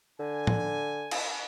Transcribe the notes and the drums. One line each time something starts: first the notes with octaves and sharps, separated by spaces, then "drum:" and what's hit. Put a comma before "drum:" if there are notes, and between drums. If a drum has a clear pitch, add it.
D3 G#5
drum: tom
drum: cymbal